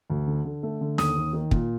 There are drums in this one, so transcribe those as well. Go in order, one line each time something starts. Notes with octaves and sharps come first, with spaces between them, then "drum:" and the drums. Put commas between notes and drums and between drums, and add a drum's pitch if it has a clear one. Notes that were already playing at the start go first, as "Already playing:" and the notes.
D2
D3
D3
A3
D3
D#2 D#6, drum: snare
D#2
D#3
A#2, drum: kick